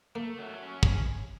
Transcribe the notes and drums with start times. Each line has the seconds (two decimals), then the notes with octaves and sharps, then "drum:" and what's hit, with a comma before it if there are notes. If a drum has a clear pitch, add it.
0.16 A3 A#3
0.39 F#3
0.63 C#4
0.83 drum: kick